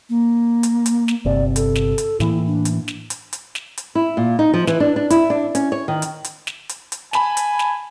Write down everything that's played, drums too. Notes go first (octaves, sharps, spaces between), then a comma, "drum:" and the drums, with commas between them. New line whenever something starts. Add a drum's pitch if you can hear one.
A#3
drum: hi-hat
drum: hi-hat
drum: snare
G1 C3 D5
A4, drum: hi-hat
drum: snare
drum: hi-hat
A2 E3 A#3 E4, drum: snare
D4
drum: hi-hat
drum: snare
drum: hi-hat
drum: hi-hat
drum: snare
drum: hi-hat
E4
A#2
D#4
F3
E3, drum: snare
D4
D4
E4, drum: hi-hat
D4
C#4, drum: hi-hat
C#5
D#3
drum: hi-hat
drum: hi-hat
drum: snare
drum: hi-hat
drum: hi-hat
G#5 A5 B5, drum: snare
drum: hi-hat
drum: snare